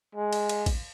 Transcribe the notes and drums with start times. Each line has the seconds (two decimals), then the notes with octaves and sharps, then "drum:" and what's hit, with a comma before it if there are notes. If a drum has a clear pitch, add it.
0.15 G#3
0.33 drum: cymbal
0.49 drum: cymbal
0.66 drum: kick, cymbal